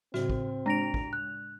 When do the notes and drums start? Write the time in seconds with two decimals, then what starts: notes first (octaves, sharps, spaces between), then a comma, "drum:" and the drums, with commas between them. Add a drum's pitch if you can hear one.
0.14 A2 C#3 C4 F#4, drum: snare
0.30 drum: kick
0.66 G#3 D4 A#5 A#6 D7 F7
0.94 drum: kick
1.13 F#6